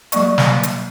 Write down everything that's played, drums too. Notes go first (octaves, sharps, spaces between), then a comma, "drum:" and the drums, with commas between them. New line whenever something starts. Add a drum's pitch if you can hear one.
F#3 G3 A#3 D5 C#6, drum: hi-hat
drum: snare
drum: hi-hat